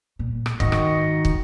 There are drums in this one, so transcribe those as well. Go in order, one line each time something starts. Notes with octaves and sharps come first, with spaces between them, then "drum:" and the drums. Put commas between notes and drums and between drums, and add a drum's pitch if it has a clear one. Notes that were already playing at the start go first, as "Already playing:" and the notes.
A#2
drum: rim click
G#2 D#3 F#4 D#5, drum: kick
drum: rim click
drum: kick